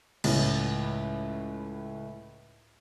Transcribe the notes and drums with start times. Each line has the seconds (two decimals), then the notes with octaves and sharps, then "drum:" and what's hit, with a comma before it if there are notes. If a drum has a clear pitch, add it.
0.24 C#2 A2, drum: cymbal